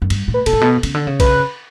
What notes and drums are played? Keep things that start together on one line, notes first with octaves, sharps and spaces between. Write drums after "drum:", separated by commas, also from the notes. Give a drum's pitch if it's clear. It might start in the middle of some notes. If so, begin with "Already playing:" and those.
F#2
G2, drum: cymbal
A2
B4
B2 A4, drum: cymbal
A2
B2
C#3, drum: cymbal
D3
C#3
B4, drum: kick, cymbal